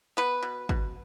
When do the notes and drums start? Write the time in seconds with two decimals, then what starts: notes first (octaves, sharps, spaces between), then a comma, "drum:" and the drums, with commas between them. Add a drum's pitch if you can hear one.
0.17 B3 B4
0.42 B2
0.69 B2, drum: kick